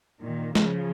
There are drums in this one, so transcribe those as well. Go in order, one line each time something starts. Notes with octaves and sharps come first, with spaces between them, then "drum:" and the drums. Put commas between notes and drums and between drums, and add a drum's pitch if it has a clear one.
A#2 D#3
C#3 F3, drum: snare